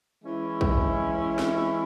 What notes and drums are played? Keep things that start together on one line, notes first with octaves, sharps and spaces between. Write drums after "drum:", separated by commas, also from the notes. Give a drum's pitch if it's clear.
E3 G#3 C#4 E4
drum: kick A#1
drum: snare